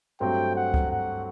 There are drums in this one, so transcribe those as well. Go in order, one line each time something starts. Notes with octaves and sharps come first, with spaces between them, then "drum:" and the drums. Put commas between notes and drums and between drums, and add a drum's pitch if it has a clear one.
G2 F#3 A3 C4 G5
F#5
drum: kick C#2
F#5